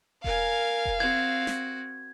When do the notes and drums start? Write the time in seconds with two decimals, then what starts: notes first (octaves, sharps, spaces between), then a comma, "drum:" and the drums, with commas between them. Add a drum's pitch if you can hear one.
0.24 A#4 F5 G#5, drum: kick E1
0.85 drum: kick E1
1.00 C4 F#4 G#6
1.47 drum: snare